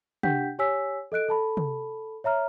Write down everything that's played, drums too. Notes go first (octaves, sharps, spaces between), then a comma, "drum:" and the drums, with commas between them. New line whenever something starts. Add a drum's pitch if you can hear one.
D4 G4 F#5 G5 G6 B6, drum: tom
G4 C#5 G#5 E6 B6
A4 D#5 F#6 D7
A4 A5 B5
drum: tom
C#5 E5 A#5 F6